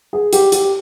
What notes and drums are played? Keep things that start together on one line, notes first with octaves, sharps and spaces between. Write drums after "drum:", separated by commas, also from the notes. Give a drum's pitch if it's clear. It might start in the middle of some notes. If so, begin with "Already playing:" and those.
G#4
G4, drum: hi-hat
G4, drum: hi-hat